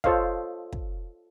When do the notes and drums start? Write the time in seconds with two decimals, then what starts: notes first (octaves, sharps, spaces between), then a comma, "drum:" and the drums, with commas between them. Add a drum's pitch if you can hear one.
0.04 F4 A4 C5 C#5 D#5 F5, drum: kick
0.72 drum: kick